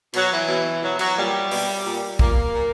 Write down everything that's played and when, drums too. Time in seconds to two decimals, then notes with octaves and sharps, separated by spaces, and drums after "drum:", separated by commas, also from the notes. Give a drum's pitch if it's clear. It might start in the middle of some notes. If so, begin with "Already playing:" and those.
0.13 B2 F#3, drum: cymbal
0.31 E3
0.48 B2
0.82 B2 F#3
0.99 F#3, drum: cymbal
1.17 A#2 G3
1.51 B2, drum: open hi-hat
1.86 A#2
2.19 A#2 A#3, drum: kick
2.53 A#2